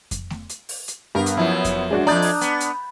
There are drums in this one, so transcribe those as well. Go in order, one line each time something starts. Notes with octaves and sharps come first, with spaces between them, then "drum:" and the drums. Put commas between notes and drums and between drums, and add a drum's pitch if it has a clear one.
drum: kick F2, hi-hat
drum: snare A3
drum: hi-hat
drum: open hi-hat
drum: hi-hat
G2 B3 A#4
drum: hi-hat
F#2 F3 E4
drum: kick F2, hi-hat
G#3 D4 F#4
F2 D4 D5 A#5 D#6 G6
drum: open hi-hat
B3, drum: hi-hat
drum: hi-hat